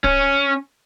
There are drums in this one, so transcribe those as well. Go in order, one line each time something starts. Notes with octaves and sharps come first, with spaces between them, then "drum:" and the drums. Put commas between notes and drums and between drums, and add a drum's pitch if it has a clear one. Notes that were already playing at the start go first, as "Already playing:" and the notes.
C#4, drum: kick D1